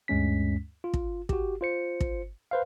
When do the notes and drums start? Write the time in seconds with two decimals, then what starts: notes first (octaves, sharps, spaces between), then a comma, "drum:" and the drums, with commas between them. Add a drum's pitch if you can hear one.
0.08 D2 G2 G#3 C#4 B6
0.84 F4
0.94 drum: kick
1.29 F#4 G4, drum: kick
1.61 F4 C5 C#7
2.00 drum: kick
2.51 B4 C5 F5